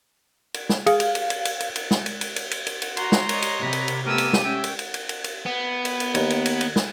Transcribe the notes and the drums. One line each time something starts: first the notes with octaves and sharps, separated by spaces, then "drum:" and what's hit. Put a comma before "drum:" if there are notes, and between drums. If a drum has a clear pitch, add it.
drum: cymbal
drum: snare
G#4 F5, drum: cymbal
drum: cymbal
drum: cymbal
drum: cymbal
drum: cymbal
drum: cymbal
drum: cymbal
drum: snare
drum: cymbal
drum: cymbal
drum: cymbal
drum: cymbal
drum: cymbal
drum: cymbal
F#4 A#5 C6, drum: cymbal
drum: snare
C#5 D#5, drum: cymbal
drum: cymbal
C3 B5
drum: cymbal
drum: cymbal
A3 B3 G4 A#4 E6 D#7
drum: cymbal
drum: snare
C#4 E5 G5
drum: cymbal
drum: cymbal
drum: cymbal
drum: cymbal
drum: cymbal
B3
drum: cymbal
drum: cymbal
D#2, drum: cymbal
drum: cymbal
drum: cymbal
drum: cymbal
drum: snare